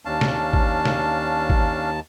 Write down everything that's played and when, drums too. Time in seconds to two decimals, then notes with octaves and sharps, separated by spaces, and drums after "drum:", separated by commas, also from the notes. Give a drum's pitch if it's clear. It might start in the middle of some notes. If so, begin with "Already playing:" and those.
0.05 D#2 C#4 D4 F5 A5
0.21 drum: snare
0.53 drum: kick
0.85 drum: snare
1.50 drum: kick